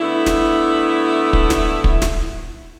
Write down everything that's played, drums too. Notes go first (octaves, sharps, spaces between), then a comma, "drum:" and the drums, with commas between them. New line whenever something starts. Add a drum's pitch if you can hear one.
D3 A3 B3 E4
drum: snare
drum: kick
drum: snare
drum: kick
drum: snare